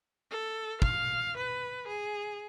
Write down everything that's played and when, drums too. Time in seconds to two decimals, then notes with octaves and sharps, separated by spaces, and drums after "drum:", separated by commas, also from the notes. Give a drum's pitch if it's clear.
0.31 A4
0.82 F5, drum: kick
1.37 B4
1.88 G#4